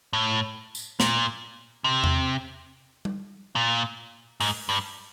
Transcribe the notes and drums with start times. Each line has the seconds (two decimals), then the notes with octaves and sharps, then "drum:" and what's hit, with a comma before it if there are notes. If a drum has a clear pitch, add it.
0.13 A2
0.75 drum: tambourine
1.00 A#2, drum: snare
1.84 C3
2.04 drum: tom E2
3.05 drum: tom G3
3.56 A#2
4.40 G#2, drum: open hi-hat
4.69 G2